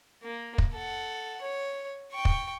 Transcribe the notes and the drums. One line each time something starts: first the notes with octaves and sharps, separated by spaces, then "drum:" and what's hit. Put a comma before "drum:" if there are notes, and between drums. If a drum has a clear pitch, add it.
A#3
drum: kick
A4 F#5
C#5
G5 C#6
drum: kick